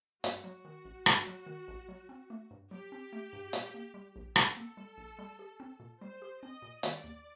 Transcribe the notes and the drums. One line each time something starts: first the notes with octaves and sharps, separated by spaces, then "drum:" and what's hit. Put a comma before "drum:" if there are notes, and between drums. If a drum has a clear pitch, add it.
G2 F#4, drum: hi-hat
F#3
D#3
A1
G2, drum: rim click
F#3
D#3
A1
F#3
C4
A3
G2
F#3 G4
C4
A3
G2
A#2, drum: hi-hat
A#3
G3
A#1
A#2 A4, drum: rim click
A#3
G3
A#1
G3
G4
C4
A#2
G3 C5
G4
C4 D#5
A#2
D#3 D5, drum: hi-hat
D#2